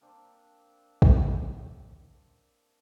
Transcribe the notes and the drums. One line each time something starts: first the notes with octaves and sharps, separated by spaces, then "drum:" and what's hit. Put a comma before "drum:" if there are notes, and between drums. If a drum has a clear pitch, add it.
A#3 C4 D4
drum: kick